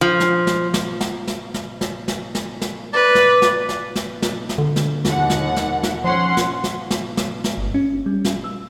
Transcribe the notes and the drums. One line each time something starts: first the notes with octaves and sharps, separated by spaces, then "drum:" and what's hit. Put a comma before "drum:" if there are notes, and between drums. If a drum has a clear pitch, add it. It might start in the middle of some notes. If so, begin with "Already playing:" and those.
F3
drum: snare
drum: snare
drum: snare
drum: snare
drum: snare
drum: snare
drum: snare
drum: snare
drum: snare
drum: snare
B4 D5
drum: snare
drum: snare
drum: snare
drum: snare
drum: snare
drum: snare
D3
drum: snare
D#2 F#5, drum: snare
drum: snare
drum: snare
drum: snare
F3 C#4 F#5 C6
drum: snare
drum: snare
drum: snare
drum: snare
drum: snare
G1
C#4
G3
drum: snare
E6